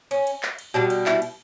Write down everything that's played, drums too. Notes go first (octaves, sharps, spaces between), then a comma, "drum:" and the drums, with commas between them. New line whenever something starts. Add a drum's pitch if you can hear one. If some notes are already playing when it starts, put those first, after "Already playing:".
C#4, drum: cymbal
drum: cymbal
drum: clap
drum: cymbal
B2 G3 D4
drum: cymbal
E4, drum: clap
drum: cymbal